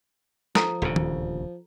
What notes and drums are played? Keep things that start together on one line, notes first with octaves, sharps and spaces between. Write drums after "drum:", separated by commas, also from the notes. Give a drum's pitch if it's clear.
F3 A4 A#5, drum: snare
D#1 D2 C#3
drum: tom